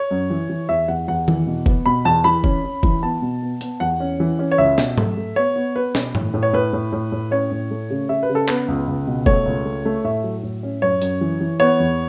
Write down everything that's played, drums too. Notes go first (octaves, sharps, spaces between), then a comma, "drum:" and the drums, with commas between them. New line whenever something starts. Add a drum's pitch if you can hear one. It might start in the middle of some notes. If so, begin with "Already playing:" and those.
Already playing: C#5
F#2
E3
E3
E2 E5
E2 F#5
E2 F#5
E3, drum: tom D#3
B2
B3, drum: kick
B2 B5
E2 A5
E3 B5
C#4, drum: kick
C#4
E3, drum: kick
B3 A5
B2
B3
B3, drum: hi-hat
E2 F#5
C#4
E3
C#4
C#5
C#2 E5
B2, drum: snare
A3, drum: tom G#2
A3
B3 C#5
B3
B3 B4
B2, drum: snare
A2, drum: tom G2
A2
C#5
A2 B4
A2
A2
A2
C#4 C#5
A2
A3
C#3
C#3 E5
B4
C#3
A4
B3 B4, drum: clap
C#2
C#2
B2
A3 C#5, drum: kick
C#2
A3
A3
A2 E5
F#3
A2
C#4
F#2 C#5
F#2, drum: hi-hat
E3
E3
B3 C#5
E2